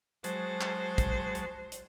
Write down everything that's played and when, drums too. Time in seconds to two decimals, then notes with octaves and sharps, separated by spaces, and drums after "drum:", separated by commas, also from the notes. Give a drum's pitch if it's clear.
0.24 F#3 G#3 C5 A5, drum: hi-hat
0.61 drum: clap
0.98 drum: kick, hi-hat
1.35 drum: hi-hat
1.72 drum: hi-hat